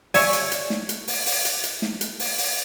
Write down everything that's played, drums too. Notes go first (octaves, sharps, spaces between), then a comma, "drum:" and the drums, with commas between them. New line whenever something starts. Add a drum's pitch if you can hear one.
G4 C#5 D5 E5 F5 G#5, drum: open hi-hat
drum: hi-hat
drum: hi-hat
drum: snare
drum: hi-hat
drum: open hi-hat
drum: open hi-hat
drum: hi-hat
drum: hi-hat
drum: snare
drum: hi-hat
drum: open hi-hat
drum: open hi-hat